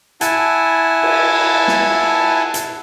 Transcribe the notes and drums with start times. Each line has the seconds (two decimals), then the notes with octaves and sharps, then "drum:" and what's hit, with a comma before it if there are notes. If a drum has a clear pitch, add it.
0.21 E4 F#5 G#5 A5, drum: hi-hat
1.03 drum: cymbal
1.68 drum: snare
2.54 drum: hi-hat